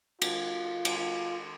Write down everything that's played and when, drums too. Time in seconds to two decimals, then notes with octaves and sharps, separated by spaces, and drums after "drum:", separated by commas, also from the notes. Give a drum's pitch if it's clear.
0.22 F4, drum: cymbal
0.85 drum: cymbal
0.98 F4